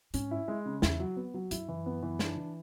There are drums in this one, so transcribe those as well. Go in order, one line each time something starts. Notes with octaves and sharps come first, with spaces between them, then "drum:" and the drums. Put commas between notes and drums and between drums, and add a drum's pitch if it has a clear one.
G#2 C#4, drum: hi-hat
E4
G#3
C#3
E2 E4, drum: snare
F#3
B3
F#3
F#2 E4, drum: hi-hat
E3
B3
E3
D4, drum: snare
E3